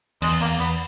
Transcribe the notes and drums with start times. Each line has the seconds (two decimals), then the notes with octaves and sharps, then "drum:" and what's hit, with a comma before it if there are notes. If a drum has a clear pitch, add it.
0.22 E2 G#3, drum: cymbal
0.41 E2 A#3
0.59 E2 B3